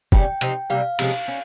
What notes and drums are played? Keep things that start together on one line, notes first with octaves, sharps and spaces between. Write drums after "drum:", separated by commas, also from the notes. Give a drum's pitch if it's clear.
C#3 G3 C#4 G5, drum: kick F1
C3 F3 C4 D#4, drum: hi-hat
C3 G3 A#3 F5
C3 F3 G#3 C#4, drum: cymbal
C#4